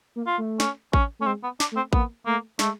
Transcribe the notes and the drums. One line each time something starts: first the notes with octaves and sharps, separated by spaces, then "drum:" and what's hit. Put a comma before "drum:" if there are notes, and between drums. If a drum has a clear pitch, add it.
A#3
F4
A3
C#4, drum: snare
C#4, drum: kick A1
A3 C#4
G#3 C4
B3
D4, drum: snare
A3
C4
A#3 B3, drum: kick A1
A3 A#3
G#3 A3, drum: snare